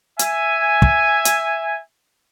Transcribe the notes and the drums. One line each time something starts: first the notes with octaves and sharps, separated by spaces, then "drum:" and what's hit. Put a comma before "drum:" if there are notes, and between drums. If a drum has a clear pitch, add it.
E5 G#5, drum: hi-hat
drum: kick
drum: hi-hat